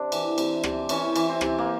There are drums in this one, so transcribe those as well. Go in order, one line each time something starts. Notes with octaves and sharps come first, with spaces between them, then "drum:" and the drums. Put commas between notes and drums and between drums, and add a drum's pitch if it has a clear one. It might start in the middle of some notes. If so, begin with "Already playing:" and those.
Already playing: C3 D4
E3, drum: cymbal
C3, drum: cymbal
C3, drum: rim click
E3 C#4, drum: cymbal
E3, drum: cymbal
C4
C3, drum: rim click
A#3